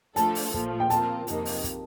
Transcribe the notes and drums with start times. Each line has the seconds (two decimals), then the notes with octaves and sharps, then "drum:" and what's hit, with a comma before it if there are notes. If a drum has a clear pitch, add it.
0.16 F3 A3 D4 A4 A5, drum: hi-hat
0.35 drum: open hi-hat
0.54 A#2 F3 A3, drum: kick
0.80 G5
0.90 F3 C4 F4 A#4 A5, drum: hi-hat
1.27 F2 C3 D#3 A#3 D#4, drum: hi-hat
1.45 drum: open hi-hat
1.64 drum: kick, hi-hat